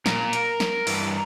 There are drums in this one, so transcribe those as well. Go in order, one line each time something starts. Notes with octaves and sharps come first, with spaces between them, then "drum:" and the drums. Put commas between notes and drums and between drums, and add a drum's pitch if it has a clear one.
A#2 A#4, drum: snare
drum: hi-hat
drum: snare
G2 E3, drum: open hi-hat